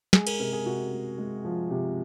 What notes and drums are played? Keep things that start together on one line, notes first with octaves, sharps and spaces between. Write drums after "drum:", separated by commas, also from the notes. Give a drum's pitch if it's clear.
G#3 G#4, drum: snare
A#4, drum: cymbal
C3 A#4
G#4
C3 F#4
G#3
G#3
F3
C3